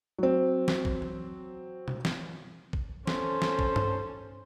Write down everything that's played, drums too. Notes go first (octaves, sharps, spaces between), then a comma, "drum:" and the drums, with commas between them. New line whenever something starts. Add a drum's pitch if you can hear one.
F#3 C4
drum: snare
drum: kick A1
drum: tom E3
drum: tom B2
drum: snare
drum: kick A1
C#4 A4 C5, drum: snare
drum: snare
drum: kick A1
drum: tom G2